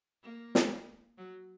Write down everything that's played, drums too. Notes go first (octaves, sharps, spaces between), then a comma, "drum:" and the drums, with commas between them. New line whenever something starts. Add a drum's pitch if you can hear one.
A#3
drum: snare
F#3